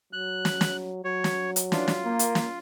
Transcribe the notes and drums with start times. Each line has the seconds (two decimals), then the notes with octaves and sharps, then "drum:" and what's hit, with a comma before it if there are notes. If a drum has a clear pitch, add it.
0.13 F#3 F#6
0.45 drum: snare
0.61 drum: snare
1.05 F#3 C#5
1.24 drum: snare
1.56 drum: hi-hat
1.72 E3 C#4 D4 F4, drum: snare
1.88 drum: snare
2.05 A#3
2.19 drum: hi-hat
2.35 drum: snare